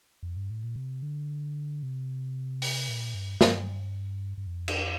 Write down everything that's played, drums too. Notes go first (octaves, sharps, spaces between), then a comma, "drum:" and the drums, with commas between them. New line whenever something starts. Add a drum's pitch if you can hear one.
F2
G2
A2
A#2
C3
D3
C3
drum: open hi-hat
A#2
G2
G2, drum: snare
G2
F2
drum: cymbal